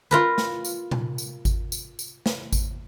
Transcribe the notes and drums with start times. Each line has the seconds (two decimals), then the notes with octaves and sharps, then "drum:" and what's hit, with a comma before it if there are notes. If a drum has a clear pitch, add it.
0.11 F4 A#4 B4
0.38 drum: snare
0.65 drum: tambourine
0.91 drum: tom A#2
1.18 drum: tambourine
1.45 drum: kick G#1, tambourine
1.72 drum: tambourine
1.99 drum: tambourine
2.26 drum: snare
2.53 drum: kick G#1, tambourine